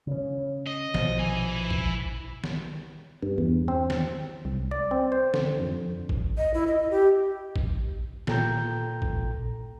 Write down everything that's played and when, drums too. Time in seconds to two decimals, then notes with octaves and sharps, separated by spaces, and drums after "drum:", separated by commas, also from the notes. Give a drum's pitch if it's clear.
0.07 C#3 C#4
0.66 D#5
0.94 A#1 B2 F3, drum: snare
1.19 E4 G#5
1.70 drum: kick A1
2.44 drum: snare
3.22 G2
3.38 E2
3.68 C4
3.90 drum: snare
4.45 C2
4.71 D5
4.91 C4
5.12 C5
5.34 D3, drum: snare
5.60 F2
6.09 drum: kick A1
6.37 D#5
6.54 E4
6.67 D#5
6.91 G4
7.56 drum: kick A1
8.27 A#2 A4 G5 A#5 G6, drum: snare
9.02 drum: kick A1